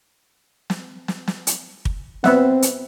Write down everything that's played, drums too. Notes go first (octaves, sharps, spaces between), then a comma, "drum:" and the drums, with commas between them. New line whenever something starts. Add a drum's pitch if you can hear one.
drum: snare
drum: snare
drum: snare
drum: hi-hat
drum: kick
B3 C4 E5 F#5, drum: snare
drum: hi-hat